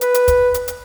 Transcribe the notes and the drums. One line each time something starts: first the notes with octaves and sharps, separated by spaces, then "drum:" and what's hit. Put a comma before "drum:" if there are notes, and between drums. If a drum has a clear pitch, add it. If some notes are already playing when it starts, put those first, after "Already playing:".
B4, drum: hi-hat
drum: hi-hat
drum: kick, hi-hat
drum: hi-hat
drum: hi-hat